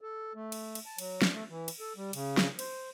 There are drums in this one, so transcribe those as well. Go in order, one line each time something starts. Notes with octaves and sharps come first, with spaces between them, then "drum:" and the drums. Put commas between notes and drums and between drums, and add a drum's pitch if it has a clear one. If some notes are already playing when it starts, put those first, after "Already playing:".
A4
A3
drum: cymbal
drum: cymbal
A5
F#3, drum: cymbal
drum: snare
A3
E3
drum: cymbal
A4
G3
C#3, drum: cymbal
drum: snare
C5, drum: cymbal